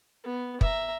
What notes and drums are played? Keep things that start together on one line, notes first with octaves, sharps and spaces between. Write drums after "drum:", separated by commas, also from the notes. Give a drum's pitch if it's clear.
B3
E5 A#5, drum: kick